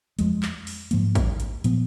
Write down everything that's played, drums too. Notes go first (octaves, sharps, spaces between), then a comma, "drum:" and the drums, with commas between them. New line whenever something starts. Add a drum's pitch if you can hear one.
F2 F3 G#3, drum: hi-hat
drum: clap
drum: open hi-hat
G#2 F3 A#3, drum: hi-hat
drum: kick, hi-hat
drum: hi-hat
A#2 F3 B3, drum: hi-hat